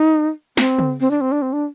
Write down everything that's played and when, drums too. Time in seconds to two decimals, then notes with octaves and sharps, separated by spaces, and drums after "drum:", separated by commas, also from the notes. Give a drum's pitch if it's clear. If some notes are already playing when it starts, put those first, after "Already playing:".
Already playing: D#4
0.57 C4, drum: snare
0.79 drum: tom C#3
1.00 C4
1.11 D4
1.21 C4
1.32 D4
1.42 C4
1.53 D4